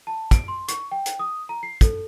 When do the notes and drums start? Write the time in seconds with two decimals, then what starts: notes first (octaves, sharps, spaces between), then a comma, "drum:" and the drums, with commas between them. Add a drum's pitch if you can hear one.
0.07 A5
0.31 D7, drum: kick, hi-hat
0.48 C6
0.68 C#6, drum: hi-hat
0.91 G5
1.06 drum: hi-hat
1.19 D#6
1.49 A#5
1.63 C7
1.81 A4, drum: kick, hi-hat